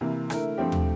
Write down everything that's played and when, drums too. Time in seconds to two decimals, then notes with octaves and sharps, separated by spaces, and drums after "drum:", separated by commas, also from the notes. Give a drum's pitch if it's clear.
0.01 C3 E3 A#3
0.30 D3 A3 E4 A#4, drum: rim click
0.58 G2 F3 A3 C4 G4
0.72 drum: tom D#2